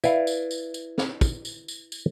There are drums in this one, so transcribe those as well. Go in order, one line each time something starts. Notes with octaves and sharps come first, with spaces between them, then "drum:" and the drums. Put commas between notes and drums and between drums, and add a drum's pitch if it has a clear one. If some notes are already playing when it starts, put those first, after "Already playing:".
E4 B4 D5 E5 F5, drum: tambourine
drum: tambourine
drum: tambourine
drum: tambourine
drum: snare
drum: kick, tambourine
drum: tambourine
drum: tambourine
drum: tambourine